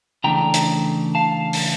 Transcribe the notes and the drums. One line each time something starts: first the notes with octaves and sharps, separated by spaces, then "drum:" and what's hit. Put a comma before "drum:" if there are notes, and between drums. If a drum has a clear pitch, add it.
C#3 E3 A3 D4 G5 A#5
drum: hi-hat
F5 A5
drum: open hi-hat